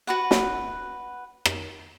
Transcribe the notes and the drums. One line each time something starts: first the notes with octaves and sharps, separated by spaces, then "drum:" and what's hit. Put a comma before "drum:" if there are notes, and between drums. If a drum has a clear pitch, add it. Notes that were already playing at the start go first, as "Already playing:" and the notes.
F#4 B4 F#5
drum: snare
drum: rim click